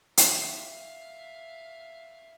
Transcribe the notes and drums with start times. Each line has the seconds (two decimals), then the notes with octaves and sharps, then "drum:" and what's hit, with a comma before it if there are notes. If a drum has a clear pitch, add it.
0.17 E5 F5, drum: hi-hat